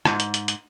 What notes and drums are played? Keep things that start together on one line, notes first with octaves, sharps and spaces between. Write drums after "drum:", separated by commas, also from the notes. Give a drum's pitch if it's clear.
G#2, drum: rim click
drum: hi-hat
drum: hi-hat
drum: hi-hat